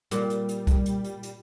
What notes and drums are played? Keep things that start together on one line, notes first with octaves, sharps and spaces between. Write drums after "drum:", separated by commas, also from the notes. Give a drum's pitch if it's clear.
A#2 G3, drum: hi-hat
drum: hi-hat
drum: hi-hat
drum: kick, hi-hat
drum: hi-hat
drum: hi-hat
drum: hi-hat